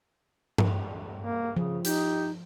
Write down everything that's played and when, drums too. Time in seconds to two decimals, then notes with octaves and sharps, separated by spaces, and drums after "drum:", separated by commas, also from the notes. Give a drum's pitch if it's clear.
0.58 drum: tom G2
1.23 A#3
1.56 C#3 F3
1.85 D#4 G4, drum: hi-hat